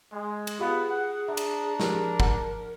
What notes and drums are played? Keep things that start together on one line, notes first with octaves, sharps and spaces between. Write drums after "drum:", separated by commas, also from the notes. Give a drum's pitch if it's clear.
G#3
drum: cymbal
B3 F4 G4 G#4 B4 F5
F#5
D4 E5 A#5
drum: cymbal
F3 G4 G#4 A#4, drum: snare
F#5, drum: kick